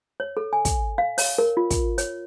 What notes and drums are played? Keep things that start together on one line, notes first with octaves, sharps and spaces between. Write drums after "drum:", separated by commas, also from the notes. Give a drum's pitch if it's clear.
C#5
A4
G#5
drum: kick, hi-hat
F5
C#5, drum: open hi-hat
A#4
F4
drum: kick, hi-hat
C#5, drum: hi-hat